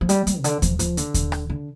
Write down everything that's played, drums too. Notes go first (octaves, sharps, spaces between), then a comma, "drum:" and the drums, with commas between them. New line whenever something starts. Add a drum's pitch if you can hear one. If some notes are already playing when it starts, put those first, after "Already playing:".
F3
G3, drum: hi-hat
G3, drum: hi-hat
C3
D3, drum: hi-hat
F3, drum: kick D#2, hi-hat
F3, drum: hi-hat
D3, drum: hi-hat
drum: kick D#2, hi-hat
drum: rim click
D3